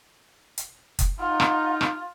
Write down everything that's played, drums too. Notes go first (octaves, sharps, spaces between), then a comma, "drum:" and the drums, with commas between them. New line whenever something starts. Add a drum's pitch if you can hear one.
drum: hi-hat
drum: kick F#1, hi-hat
D#4 F4 F#5
drum: rim click
drum: rim click